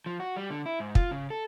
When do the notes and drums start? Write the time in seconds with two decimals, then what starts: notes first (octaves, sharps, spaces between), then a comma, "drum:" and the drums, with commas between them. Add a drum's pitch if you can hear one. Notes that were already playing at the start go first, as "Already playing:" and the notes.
0.06 F3
0.20 F#4
0.36 G3
0.50 D3
0.66 E4
0.80 G#2
0.95 F4, drum: kick
1.11 C#3
1.30 A4